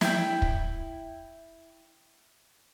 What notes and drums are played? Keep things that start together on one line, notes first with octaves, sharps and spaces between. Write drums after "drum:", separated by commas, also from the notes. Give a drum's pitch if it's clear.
E4 G5, drum: snare
drum: kick